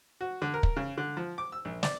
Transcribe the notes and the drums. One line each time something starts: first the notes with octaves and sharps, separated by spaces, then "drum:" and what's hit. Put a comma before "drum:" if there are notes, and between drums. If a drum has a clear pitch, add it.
F#4
D3
A#4
drum: kick
C#3
D3
F3
D6
E6
A#1
D5, drum: snare